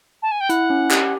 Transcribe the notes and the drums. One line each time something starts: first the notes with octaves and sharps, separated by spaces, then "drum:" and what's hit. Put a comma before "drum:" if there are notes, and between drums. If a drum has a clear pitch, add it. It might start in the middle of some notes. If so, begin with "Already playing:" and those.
A5
G#5
G5
E4 F#5, drum: hi-hat
C#4
G4, drum: clap